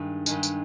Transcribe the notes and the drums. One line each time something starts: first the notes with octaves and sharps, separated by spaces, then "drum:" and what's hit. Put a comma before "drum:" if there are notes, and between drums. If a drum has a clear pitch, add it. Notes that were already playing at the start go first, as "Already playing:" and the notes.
Already playing: G2 D#3 G#3
G2 D#3 G#3, drum: tambourine
drum: tambourine